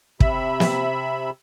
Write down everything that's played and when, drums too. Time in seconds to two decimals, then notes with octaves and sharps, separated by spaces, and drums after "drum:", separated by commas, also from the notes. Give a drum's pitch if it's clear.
0.20 C3 E5 B5, drum: kick
0.60 drum: snare